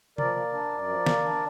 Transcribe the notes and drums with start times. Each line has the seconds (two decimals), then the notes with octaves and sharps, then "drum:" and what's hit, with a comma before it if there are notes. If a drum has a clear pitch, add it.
0.18 F3 A#4 D5, drum: tom C3
0.36 A#3
0.54 D4
0.72 F#2
0.89 F3
1.06 A#3, drum: snare
1.24 D4